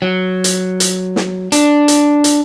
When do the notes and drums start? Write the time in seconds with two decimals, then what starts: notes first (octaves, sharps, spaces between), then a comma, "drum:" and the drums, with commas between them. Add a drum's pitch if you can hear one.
0.02 F#3
0.44 drum: hi-hat
0.80 drum: hi-hat
1.16 drum: snare
1.52 D4, drum: hi-hat
1.88 drum: hi-hat
2.24 drum: hi-hat